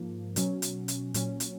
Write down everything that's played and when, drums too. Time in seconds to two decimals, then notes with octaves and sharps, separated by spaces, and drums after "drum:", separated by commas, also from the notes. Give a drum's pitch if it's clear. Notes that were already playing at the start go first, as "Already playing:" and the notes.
Already playing: G#2 F3 A#3
0.36 B2 F#3 C#4, drum: hi-hat
0.62 drum: hi-hat
0.88 drum: hi-hat
1.14 A#2 F#3 C#4, drum: hi-hat
1.40 drum: hi-hat